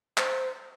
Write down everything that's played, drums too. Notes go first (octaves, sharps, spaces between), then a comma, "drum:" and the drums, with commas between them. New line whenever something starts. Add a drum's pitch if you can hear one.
C5, drum: clap